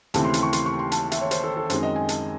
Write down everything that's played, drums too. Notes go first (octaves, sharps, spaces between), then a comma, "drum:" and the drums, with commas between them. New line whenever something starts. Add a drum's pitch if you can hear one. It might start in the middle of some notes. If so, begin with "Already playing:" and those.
D#2 C#3 E3 A3 C4 A5, drum: hi-hat
C6
drum: hi-hat
C#6
C6, drum: hi-hat
C#6
C6
A5, drum: hi-hat
E5, drum: hi-hat
C#5
C5, drum: hi-hat
A4
A4
F#2 D#3 G#3 C4 C5, drum: hi-hat
D#5
G#5
A5, drum: hi-hat